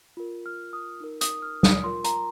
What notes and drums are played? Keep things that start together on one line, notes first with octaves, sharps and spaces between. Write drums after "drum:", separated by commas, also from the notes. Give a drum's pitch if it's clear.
F4 A#4
F6
D#6
D#4 A#4
D#6, drum: hi-hat
F6
D#6, drum: snare
F4 A#4 C6
A#5, drum: hi-hat